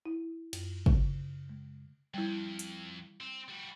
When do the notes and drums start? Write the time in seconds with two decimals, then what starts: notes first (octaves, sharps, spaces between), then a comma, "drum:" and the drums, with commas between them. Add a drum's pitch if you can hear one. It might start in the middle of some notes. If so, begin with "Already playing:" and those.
0.06 E4
0.53 F#2, drum: cymbal
0.86 C#3, drum: kick
1.50 G#3
2.14 F2 G3 E4
2.59 drum: hi-hat
3.20 C4
3.49 G3 F#4